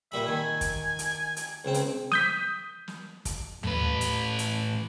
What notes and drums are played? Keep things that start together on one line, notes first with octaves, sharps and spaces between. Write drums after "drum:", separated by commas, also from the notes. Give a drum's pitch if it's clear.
A#2 G3 E5 B5
D#3 G#5
drum: kick, hi-hat
drum: hi-hat
drum: hi-hat
C#2 C4
drum: hi-hat
D#6 G6 B6, drum: snare
drum: snare
drum: kick, hi-hat
A2 B4, drum: tom D#2
drum: hi-hat
drum: hi-hat